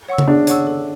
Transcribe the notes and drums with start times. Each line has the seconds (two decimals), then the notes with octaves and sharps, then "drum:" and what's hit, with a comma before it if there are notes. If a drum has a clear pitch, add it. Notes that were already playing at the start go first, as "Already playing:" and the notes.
0.08 C#5 F#5 C#6 E6
0.18 drum: tom C#3
0.28 D4 G#4
0.47 C#5 F#5 C#6 E6, drum: hi-hat
0.67 A4